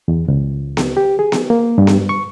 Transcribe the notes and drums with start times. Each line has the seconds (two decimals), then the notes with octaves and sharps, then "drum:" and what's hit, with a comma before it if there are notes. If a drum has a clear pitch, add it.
0.08 E2
0.28 C#2
0.77 drum: snare B3
0.97 G4
1.19 G#4
1.32 drum: snare B3
1.50 A#3
1.78 G2
1.87 drum: snare B3
2.09 C#6